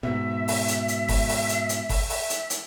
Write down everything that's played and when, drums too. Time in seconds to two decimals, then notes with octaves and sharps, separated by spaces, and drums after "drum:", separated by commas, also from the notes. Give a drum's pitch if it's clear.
0.03 G#2 B2 E5
0.48 drum: open hi-hat
0.68 drum: hi-hat
0.88 drum: hi-hat
1.08 drum: kick G1, open hi-hat
1.29 drum: open hi-hat
1.49 drum: hi-hat
1.69 drum: hi-hat
1.89 drum: kick G1, open hi-hat
2.10 E5, drum: open hi-hat
2.30 drum: hi-hat
2.50 drum: hi-hat